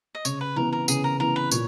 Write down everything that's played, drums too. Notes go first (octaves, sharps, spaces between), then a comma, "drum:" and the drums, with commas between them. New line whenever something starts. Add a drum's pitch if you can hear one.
D#5
C#3 C#5, drum: tambourine
B4
E3 B3 A#4
A#4
C#3 G#4, drum: tambourine
A#4
E3 B3 A#4
B4
A#2 C#5, drum: tambourine